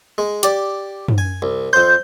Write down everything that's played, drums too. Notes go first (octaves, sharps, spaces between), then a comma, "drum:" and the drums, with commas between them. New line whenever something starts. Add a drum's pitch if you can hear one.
G#3
G4 D5, drum: hi-hat
drum: tom
G#5
C2
F2 C5 G6